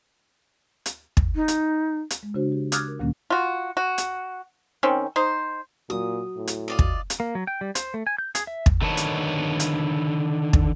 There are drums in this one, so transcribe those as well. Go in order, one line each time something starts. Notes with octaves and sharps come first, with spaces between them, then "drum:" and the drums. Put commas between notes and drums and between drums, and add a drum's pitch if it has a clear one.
drum: hi-hat
drum: kick
D#4
drum: hi-hat
drum: hi-hat
G#3
C#3 D4 F#4 C5
G4
D6 D#6 F6 F#6 G#6 A6, drum: hi-hat
A#4
D2 A#2 D#3 G3 A#3 C#4
F4 F#4
F#4
drum: hi-hat
D#3 C4 C#4
D#4 C5
A#2 F#3 D#6
A2
drum: hi-hat
F4 D5 D#5
drum: kick
drum: hi-hat
A#3
F#3
G5
G3
C5, drum: hi-hat
A3
G#5
G6
G#4, drum: hi-hat
E5
drum: kick
D3 D#3 B4 C#5 A5
drum: hi-hat
drum: hi-hat
drum: kick